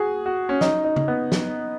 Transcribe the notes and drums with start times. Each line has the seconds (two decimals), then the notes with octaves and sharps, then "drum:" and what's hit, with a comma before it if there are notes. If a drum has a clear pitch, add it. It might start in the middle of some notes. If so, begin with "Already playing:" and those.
Already playing: F#4 G#4
0.26 F#4
0.49 C#4
0.61 D#4, drum: snare
0.84 D#4
0.96 drum: tom C#3
1.08 B3
1.32 drum: snare